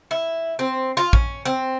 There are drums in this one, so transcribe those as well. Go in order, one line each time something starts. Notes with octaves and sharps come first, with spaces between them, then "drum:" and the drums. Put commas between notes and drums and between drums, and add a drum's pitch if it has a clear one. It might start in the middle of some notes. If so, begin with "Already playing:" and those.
E4
C4
F4
C#4, drum: kick
C4